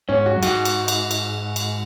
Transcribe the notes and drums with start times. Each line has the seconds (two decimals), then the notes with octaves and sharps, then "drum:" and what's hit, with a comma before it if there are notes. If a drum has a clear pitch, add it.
0.09 G#2 C#4
0.26 F#4
0.36 F#2
0.43 G#2 F#4, drum: cymbal
0.65 drum: cymbal
0.88 drum: cymbal
1.11 drum: cymbal
1.56 drum: cymbal